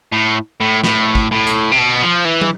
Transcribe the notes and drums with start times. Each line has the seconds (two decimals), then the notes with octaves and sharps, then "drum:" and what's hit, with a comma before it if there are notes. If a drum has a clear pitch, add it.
0.12 A2
0.60 A2
0.84 A2, drum: snare
1.15 drum: kick
1.31 A2
1.47 drum: hi-hat
1.72 C3
1.78 B2
2.03 F3
2.25 E3
2.41 drum: tom